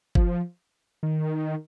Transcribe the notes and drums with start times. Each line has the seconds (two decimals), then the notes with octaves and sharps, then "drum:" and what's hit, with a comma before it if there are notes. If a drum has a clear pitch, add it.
0.15 F3, drum: kick F#1
1.03 D#3